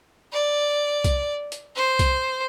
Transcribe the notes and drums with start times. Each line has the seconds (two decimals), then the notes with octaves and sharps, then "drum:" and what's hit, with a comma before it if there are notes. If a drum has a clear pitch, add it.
0.33 D5
1.04 drum: kick C2, hi-hat
1.52 drum: hi-hat
1.76 C5
1.99 drum: kick C2, hi-hat